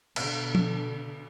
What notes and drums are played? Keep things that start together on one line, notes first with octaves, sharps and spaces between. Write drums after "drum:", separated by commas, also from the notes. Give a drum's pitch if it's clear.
B2 D3, drum: cymbal
drum: tom F3